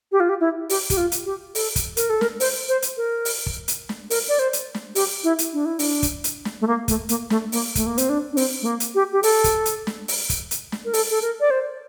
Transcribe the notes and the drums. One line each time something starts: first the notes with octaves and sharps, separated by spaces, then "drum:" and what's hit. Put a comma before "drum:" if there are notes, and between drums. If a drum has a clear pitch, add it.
G4
F4
G4
E4
G4, drum: open hi-hat
G4, drum: kick, hi-hat
F4
drum: hi-hat
G4
A4, drum: open hi-hat
drum: kick, hi-hat
A#4, drum: hi-hat
A4
A#4, drum: snare
C5, drum: open hi-hat
C5
drum: hi-hat
A#4
drum: open hi-hat
drum: kick
drum: hi-hat
drum: snare
A#4, drum: open hi-hat
D5
C5
drum: hi-hat
drum: snare
G4, drum: open hi-hat
E4
drum: hi-hat
D4
E4
D4, drum: open hi-hat
drum: kick, hi-hat
drum: hi-hat
drum: snare
A3
A#3
A3, drum: kick, hi-hat
A#3, drum: hi-hat
A3, drum: snare
A#3, drum: open hi-hat
A3, drum: kick, hi-hat
A#3
C4, drum: hi-hat
D4
D4
C4, drum: open hi-hat
A3
A#3
drum: hi-hat
G4
G4
A4, drum: open hi-hat
drum: kick, hi-hat
drum: hi-hat
drum: snare
drum: open hi-hat
drum: kick, hi-hat
drum: hi-hat
drum: snare
A#4
A4, drum: open hi-hat
A4
A#4
D5
C5